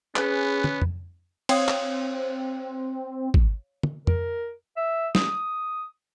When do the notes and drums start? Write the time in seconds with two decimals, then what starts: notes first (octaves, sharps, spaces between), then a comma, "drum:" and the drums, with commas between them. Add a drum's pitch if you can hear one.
0.16 B3 C#4 G#4 B4, drum: clap
0.64 drum: tom
0.82 drum: tom F2
1.49 C4 C#5 F5 D#6, drum: cymbal
1.68 drum: clap
3.34 drum: kick
3.83 drum: tom
4.07 A#4, drum: tom F2
4.77 E5
5.15 D#6, drum: snare